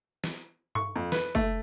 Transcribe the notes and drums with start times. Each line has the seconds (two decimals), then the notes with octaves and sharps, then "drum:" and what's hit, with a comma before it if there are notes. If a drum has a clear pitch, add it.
0.24 drum: snare
0.75 C#6, drum: tom G2
0.96 F2
1.12 B4, drum: snare
1.35 A3, drum: kick F#1